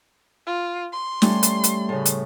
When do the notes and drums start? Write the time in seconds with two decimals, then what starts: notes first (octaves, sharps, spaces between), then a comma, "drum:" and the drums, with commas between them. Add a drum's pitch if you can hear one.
0.47 F4
0.93 C6
1.22 G3 A3 C#4, drum: snare
1.43 drum: hi-hat
1.64 drum: hi-hat
1.89 A2 C#3
2.05 drum: hi-hat